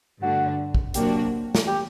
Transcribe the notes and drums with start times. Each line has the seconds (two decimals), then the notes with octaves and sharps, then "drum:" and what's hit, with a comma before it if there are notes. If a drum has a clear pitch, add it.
0.22 G2 D3 A3 D4 F#4
0.75 drum: kick
0.94 C3 F#3 A#3 D4 F#4 G4, drum: hi-hat
1.55 drum: snare
1.67 G4